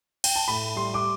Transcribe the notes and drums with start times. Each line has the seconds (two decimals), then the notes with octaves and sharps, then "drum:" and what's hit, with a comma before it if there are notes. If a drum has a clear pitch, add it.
0.24 G5, drum: cymbal
0.36 A5
0.48 A2 B5
0.76 G3 C6
0.94 D6